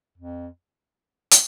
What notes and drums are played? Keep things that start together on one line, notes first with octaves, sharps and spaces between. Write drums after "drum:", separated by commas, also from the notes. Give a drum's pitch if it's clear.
F2
drum: hi-hat